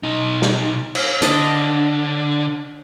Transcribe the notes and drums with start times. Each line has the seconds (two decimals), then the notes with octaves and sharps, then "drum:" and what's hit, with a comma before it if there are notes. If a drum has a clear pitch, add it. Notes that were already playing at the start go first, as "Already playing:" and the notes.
0.03 B1 D#4
0.42 drum: snare
0.95 drum: cymbal
1.22 D3 D4 D#5, drum: hi-hat